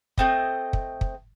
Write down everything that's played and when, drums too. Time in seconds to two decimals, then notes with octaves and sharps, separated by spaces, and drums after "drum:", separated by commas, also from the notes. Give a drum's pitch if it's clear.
0.18 A3 C4 D#5, drum: kick
0.73 drum: kick
1.01 drum: kick